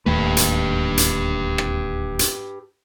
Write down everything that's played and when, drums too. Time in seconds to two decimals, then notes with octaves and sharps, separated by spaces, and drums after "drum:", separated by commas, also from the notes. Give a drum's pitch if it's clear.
0.06 D1 D#2 A3 G4 B4
0.37 drum: hi-hat
0.97 drum: hi-hat
1.58 drum: rim click
2.19 drum: hi-hat